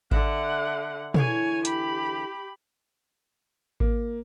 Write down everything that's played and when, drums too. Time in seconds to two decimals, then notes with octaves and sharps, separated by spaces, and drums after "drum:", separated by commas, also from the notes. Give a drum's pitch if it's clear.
0.11 D3 E5 F#5, drum: kick G#1
1.14 D3 E3 G#4 C#5 G#5, drum: tom
1.65 G4 B5, drum: hi-hat
3.80 A#3, drum: kick G#1